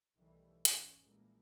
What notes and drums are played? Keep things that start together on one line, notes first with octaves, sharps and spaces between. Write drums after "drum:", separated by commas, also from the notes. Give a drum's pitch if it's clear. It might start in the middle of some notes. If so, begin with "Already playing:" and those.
B1 D#3 E3 G3 A3
G#1 D#2 C#4, drum: hi-hat
A#2 E3 F3 G3 G#3 A#3